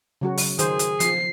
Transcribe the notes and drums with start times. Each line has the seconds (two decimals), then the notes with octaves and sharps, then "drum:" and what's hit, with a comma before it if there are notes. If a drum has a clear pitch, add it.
0.21 C#3 F#3 F#4
0.37 drum: open hi-hat
0.59 D#3 G#4 C5, drum: hi-hat
0.79 drum: hi-hat
1.00 F3 C7, drum: hi-hat